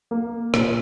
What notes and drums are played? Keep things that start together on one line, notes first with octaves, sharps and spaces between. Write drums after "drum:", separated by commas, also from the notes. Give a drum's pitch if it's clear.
A#3
A#2, drum: rim click